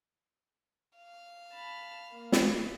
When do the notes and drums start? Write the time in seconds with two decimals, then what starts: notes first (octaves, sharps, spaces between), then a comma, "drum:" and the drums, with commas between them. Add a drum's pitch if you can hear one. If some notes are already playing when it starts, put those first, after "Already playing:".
0.98 F5
1.52 A5 B5
2.12 A#3
2.32 drum: snare